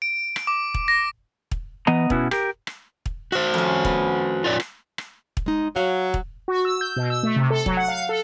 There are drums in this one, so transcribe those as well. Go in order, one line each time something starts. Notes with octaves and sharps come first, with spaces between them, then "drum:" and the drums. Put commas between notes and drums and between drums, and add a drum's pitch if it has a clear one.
D7
drum: rim click
D6
drum: kick
A#6
drum: kick
E3 B3 D#5 A#5
B2 B3 C#4 E4 F#4, drum: kick
G4 A#4, drum: rim click
drum: rim click
drum: kick
F#4 C5 E5
F2 C#4
B3, drum: kick
F4 C#5 D5
drum: rim click
drum: rim click
drum: kick
G#3 D#4
F#3 F5
drum: kick
F#4
E6
G6
B2
E6
A3
C3
A4
F#3, drum: kick
F#5
F5
A4